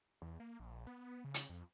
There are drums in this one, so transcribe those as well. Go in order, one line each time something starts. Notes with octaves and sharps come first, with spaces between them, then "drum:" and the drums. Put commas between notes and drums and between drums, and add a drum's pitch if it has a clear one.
E2
A#3
A#1
B3
C#3
drum: hi-hat
F2